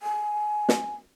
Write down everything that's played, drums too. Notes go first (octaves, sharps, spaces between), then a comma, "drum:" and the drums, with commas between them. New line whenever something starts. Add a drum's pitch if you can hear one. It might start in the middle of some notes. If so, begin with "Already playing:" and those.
G#5
drum: snare